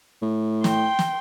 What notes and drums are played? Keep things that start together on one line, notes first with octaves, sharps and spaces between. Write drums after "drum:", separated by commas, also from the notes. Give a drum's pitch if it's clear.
A2
G5 C6, drum: snare
drum: snare